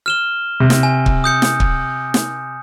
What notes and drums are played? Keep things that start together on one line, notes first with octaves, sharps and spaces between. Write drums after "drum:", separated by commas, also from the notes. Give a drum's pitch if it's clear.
F6 E7 G7
C3
drum: snare
G#5
drum: kick
D#6 G6 C#7
drum: snare
drum: kick
drum: snare